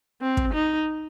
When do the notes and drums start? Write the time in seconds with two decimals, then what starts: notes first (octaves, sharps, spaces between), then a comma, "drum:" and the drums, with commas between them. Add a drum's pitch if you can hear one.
0.21 C4
0.37 drum: kick
0.54 D#4